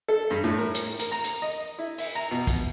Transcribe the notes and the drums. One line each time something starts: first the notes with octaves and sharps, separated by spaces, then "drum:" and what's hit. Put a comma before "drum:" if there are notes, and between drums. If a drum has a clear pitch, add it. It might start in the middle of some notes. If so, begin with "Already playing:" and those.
A4
G2
A2
A#4
drum: hi-hat
A#4, drum: hi-hat
A#5
drum: hi-hat
D#5
E4
E5, drum: open hi-hat
A#5
B2
drum: kick, hi-hat